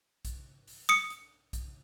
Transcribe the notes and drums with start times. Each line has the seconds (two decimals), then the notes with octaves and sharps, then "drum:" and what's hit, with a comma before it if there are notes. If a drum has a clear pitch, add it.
0.25 drum: kick B1, hi-hat
0.67 drum: open hi-hat
0.89 D#6 C#7
1.10 drum: hi-hat
1.53 drum: kick B1, hi-hat